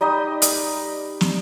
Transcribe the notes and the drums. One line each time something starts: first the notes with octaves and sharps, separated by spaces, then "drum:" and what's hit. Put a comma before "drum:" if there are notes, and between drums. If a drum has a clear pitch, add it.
G3 D#4 D#5 D#6
drum: hi-hat
drum: snare